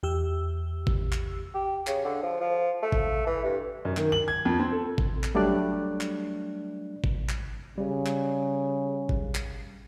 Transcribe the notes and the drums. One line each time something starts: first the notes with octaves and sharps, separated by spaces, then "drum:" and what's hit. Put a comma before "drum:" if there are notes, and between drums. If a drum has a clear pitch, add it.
E2 G4 E6
drum: kick G#1
drum: clap
G4
C#3, drum: clap
D3
F3
F3
A3
drum: kick G#1
E3
G2
F#2
D#3, drum: clap
F#7
G#6
F2
C4
A4
drum: kick G#1
drum: clap
F#3 G3 A3 D4 D5 F#6
drum: clap
drum: kick G#1
drum: clap
C#3 G3
drum: clap
drum: kick G#1
drum: clap